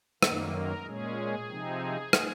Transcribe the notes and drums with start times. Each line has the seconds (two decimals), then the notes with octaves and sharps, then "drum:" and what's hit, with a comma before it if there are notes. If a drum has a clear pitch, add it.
0.23 F#2 D#3 A#3, drum: rim click
0.54 A#4
0.85 A#2 G#3 C#4 G#4
1.48 C3 F3 C4 D#4
2.13 drum: rim click